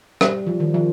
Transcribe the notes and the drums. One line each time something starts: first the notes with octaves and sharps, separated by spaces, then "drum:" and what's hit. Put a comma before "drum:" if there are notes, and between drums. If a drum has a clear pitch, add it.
G3, drum: rim click
F3
D#3
F3